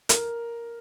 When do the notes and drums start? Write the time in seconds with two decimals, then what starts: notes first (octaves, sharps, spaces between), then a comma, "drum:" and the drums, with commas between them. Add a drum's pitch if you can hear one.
0.09 A#4, drum: hi-hat